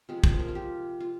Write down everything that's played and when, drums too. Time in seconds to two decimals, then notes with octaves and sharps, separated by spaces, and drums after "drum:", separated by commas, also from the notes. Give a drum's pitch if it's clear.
0.09 C3 F3 G#3 F4
0.24 G#4, drum: kick
0.34 C5
0.39 A#4
0.48 F4
0.55 G4
1.00 F4